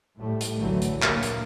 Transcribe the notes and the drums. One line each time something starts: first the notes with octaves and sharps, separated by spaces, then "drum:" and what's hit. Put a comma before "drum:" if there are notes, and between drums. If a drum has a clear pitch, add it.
A2 G3 A3
drum: hi-hat
F1 A#1 D3 E3 F#3 A3
drum: hi-hat
D2 A#2 A#3, drum: clap
drum: hi-hat